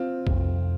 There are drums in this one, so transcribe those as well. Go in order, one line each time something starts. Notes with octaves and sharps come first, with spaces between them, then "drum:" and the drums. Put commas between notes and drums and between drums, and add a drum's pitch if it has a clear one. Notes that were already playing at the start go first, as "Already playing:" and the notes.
Already playing: C4 F4
F2 C3 G3, drum: kick B1